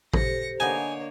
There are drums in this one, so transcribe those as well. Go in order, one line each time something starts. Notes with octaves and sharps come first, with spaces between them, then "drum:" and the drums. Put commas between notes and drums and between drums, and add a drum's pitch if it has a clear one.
G4 A4 C5 A#6 C#7, drum: kick A1
D3 A#3 B3 D#4 C#5 G#5